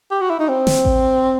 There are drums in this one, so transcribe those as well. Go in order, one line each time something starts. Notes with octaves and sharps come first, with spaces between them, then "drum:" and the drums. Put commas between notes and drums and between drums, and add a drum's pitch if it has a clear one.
G4
F#4
E4
D#4
C4
drum: snare
drum: kick A1